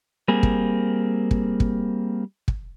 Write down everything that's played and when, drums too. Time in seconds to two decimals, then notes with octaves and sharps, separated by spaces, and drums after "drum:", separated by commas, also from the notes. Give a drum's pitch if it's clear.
0.28 G3 A#3 C4 G#4
0.43 drum: kick
1.31 drum: kick
1.60 drum: kick
2.48 drum: kick